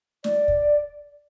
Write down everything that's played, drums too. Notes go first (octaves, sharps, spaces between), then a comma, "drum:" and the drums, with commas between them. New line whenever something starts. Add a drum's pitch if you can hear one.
D5, drum: snare
drum: kick